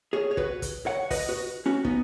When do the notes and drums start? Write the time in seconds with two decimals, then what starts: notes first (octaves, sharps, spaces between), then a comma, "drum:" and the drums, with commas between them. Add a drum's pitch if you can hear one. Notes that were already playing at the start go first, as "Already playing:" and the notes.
0.13 G#4 C#5
0.31 C#5
0.37 F#4 B4, drum: kick
0.62 drum: kick, hi-hat
0.86 C#5 F#5
1.10 B4 D#5, drum: kick, open hi-hat
1.29 F#4 B4
1.66 C#4 F#4
1.85 B3 D#4, drum: kick